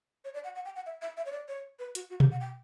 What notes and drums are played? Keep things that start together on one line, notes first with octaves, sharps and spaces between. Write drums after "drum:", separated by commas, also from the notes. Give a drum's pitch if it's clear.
C#5
D5
F#5
F#5
G5
F#5
E5
E5
E5
C#5
D5
C#5
B4
F#4, drum: hi-hat
F#4
G4, drum: tom B2
F#5
G5